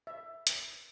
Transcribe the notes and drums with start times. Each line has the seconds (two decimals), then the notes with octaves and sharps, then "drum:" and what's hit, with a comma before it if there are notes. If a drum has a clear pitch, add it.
0.07 E5
0.47 drum: hi-hat